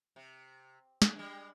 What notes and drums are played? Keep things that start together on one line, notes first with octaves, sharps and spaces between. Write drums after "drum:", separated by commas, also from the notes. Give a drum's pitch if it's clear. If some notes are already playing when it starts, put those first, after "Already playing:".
C3
D4 G#4, drum: snare
G3 G#3